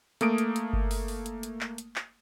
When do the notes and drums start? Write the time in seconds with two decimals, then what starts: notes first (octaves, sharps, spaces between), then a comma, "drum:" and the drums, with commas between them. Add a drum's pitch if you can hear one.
0.21 A3 A#3 D#6 D7, drum: hi-hat
0.38 drum: hi-hat
0.56 drum: hi-hat
0.73 drum: kick G1
0.91 drum: open hi-hat
1.08 drum: open hi-hat
1.26 drum: hi-hat
1.43 drum: hi-hat
1.61 drum: clap
1.78 drum: hi-hat
1.96 drum: clap